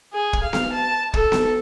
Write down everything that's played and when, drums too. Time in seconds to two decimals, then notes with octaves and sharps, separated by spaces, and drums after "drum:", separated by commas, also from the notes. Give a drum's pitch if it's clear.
0.13 G#4
0.33 drum: kick
0.44 F5
0.53 drum: snare B3
0.73 A5
1.14 A4, drum: kick
1.32 drum: snare B3